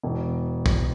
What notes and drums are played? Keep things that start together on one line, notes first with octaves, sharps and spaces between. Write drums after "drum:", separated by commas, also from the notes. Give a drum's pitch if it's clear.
E1
drum: kick